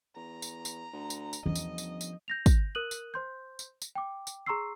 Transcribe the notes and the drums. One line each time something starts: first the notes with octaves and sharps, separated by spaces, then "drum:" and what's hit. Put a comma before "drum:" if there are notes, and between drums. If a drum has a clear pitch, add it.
E2 A#5
drum: tambourine
drum: tambourine
D2
drum: tambourine
drum: tambourine
G1 E2 F3 C#4 D#5
drum: tambourine
drum: tambourine
drum: tambourine
G6 A#6 F7
drum: kick, tambourine
A#4 D#6 F#6 D#7 F#7
drum: tambourine
C5 C6 G6
drum: tambourine
drum: tambourine
G5 D6
drum: tambourine
G#4 A#5 C6 C#6 E6 C7